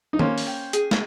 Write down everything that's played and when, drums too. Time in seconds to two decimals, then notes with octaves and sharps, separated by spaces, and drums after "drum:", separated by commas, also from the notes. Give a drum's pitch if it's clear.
0.13 D#4
0.19 A#3 C#4 C5, drum: tom
0.38 drum: open hi-hat
0.47 G5
0.73 G#4, drum: hi-hat
0.91 drum: snare